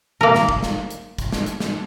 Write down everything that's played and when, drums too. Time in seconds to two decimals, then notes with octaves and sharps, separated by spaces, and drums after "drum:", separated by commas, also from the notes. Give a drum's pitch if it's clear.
0.21 A#3 A#4
0.35 drum: snare
0.49 drum: kick
0.63 drum: snare
0.91 drum: hi-hat
1.18 drum: kick, hi-hat
1.32 drum: snare
1.46 drum: hi-hat
1.60 drum: snare